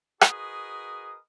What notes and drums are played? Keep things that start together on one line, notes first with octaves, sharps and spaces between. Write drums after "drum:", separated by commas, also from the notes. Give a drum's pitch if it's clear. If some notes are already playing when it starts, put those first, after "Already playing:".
F#4 G#4 A#4 B4 D#5 D#6, drum: rim click